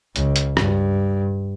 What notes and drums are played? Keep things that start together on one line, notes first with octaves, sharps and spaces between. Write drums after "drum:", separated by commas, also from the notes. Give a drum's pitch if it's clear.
C#2, drum: hi-hat
drum: hi-hat
G2, drum: rim click